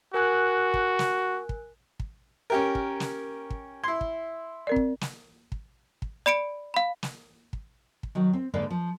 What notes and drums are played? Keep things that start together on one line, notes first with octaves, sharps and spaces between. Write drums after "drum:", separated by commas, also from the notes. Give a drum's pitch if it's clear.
F#4 A#4 G#5 F#6
drum: kick
drum: snare
drum: kick
drum: kick
C#4 G4 A#4
drum: kick
drum: snare
drum: kick
E4 C6 G#6
drum: kick
C4 A#4 D5
drum: kick
drum: snare
drum: kick
drum: kick
D5 B5 C#7 D7
F5 B5
drum: snare
drum: kick
drum: kick
D#3 F#3
C4
G#2 D3 A#3 B4 D5 F5
F3